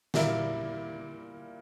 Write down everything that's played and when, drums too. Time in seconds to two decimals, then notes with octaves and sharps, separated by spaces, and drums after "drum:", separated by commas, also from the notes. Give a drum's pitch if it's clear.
0.14 A#2 G3 A#3 E4 A#4, drum: snare